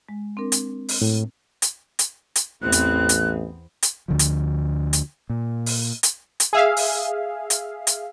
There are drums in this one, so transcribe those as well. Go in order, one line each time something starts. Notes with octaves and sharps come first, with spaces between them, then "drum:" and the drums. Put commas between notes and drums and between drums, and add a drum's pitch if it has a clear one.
G#3
C4 D4 A#4
drum: hi-hat
drum: open hi-hat
A2
drum: hi-hat
drum: hi-hat
drum: hi-hat
A1 E2 B3 C4 F#6
drum: hi-hat
drum: hi-hat
drum: hi-hat
D2 D3 F3
drum: hi-hat
drum: hi-hat
A#2
drum: open hi-hat
drum: hi-hat
drum: hi-hat
G#4 E5 F5
drum: open hi-hat
drum: hi-hat
drum: hi-hat